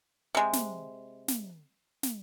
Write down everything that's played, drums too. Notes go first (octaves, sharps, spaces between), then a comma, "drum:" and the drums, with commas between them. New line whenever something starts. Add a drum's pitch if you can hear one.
C3 G#3
drum: snare
drum: snare
drum: snare